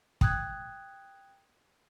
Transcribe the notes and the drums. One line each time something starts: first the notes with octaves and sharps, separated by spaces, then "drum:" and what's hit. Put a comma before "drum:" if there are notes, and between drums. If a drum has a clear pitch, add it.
G5 D#6 F#6 G#6, drum: kick